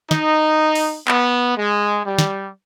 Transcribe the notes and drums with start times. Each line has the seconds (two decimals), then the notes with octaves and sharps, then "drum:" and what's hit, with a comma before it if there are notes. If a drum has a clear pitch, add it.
0.11 D#4, drum: snare
0.75 drum: open hi-hat
1.08 B3, drum: clap
1.57 G#3
2.06 G3
2.19 drum: snare